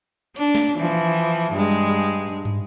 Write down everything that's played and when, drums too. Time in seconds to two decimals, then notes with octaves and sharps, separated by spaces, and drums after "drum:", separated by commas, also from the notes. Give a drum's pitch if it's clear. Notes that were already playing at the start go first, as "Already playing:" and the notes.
0.36 D4, drum: hi-hat
0.55 drum: snare
0.77 E3 F3
1.53 G2 G#3
2.45 drum: tom